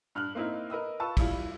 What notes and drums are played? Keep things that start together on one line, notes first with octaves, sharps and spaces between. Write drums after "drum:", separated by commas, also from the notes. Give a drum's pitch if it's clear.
G2 F6 F#6 F#7
A#3 C4 D#4 E4 A#4
A#4 B4 D#5 E6
F4 B4 A5 C#6 E6
G3 E4 F4, drum: kick, cymbal